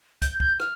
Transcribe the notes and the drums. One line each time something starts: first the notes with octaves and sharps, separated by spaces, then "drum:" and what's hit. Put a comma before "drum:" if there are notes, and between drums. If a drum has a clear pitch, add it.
G6, drum: kick, hi-hat
G6, drum: kick
F6, drum: rim click